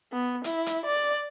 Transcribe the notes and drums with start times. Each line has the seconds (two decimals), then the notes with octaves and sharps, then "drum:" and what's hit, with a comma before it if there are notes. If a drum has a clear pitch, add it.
0.12 B3
0.44 E4, drum: hi-hat
0.66 drum: hi-hat
0.85 D5